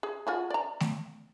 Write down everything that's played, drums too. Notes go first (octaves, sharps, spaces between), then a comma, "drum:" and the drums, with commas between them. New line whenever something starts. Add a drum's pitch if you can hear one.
G#4
F4 F#4 G#4
D5 A#5
drum: snare A3